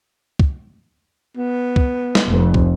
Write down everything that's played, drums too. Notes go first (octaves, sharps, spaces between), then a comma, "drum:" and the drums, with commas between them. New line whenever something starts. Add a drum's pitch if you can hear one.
drum: kick
B3
drum: kick
drum: snare
F1 F2
drum: kick